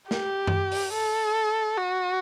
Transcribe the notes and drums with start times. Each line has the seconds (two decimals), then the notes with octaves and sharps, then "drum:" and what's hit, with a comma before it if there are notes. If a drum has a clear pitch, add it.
0.11 G4, drum: snare
0.47 drum: tom F#2
0.72 drum: open hi-hat
0.94 A4
1.78 F#4